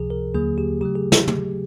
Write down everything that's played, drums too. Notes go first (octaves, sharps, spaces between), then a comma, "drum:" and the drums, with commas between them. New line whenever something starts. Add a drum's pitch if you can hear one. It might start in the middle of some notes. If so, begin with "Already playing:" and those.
Already playing: C#2 C3 F3 G#4
A#4
D#2 D3 F#3 A#3 G#4
G4
C#3 F#3 A3 G4
G#4
drum: snare
drum: tom